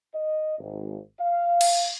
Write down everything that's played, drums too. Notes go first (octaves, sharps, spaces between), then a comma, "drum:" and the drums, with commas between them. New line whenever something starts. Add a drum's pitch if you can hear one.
D#5
G#1
F5
drum: cymbal